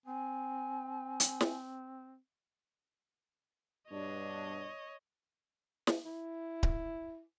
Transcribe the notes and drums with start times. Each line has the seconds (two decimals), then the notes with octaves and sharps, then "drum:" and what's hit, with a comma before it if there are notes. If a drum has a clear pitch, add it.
0.06 C4 G#5
1.20 drum: hi-hat
1.41 drum: snare
3.90 G2 B2 D4 C#5 D#5
5.87 drum: snare
6.05 E4
6.63 drum: kick D1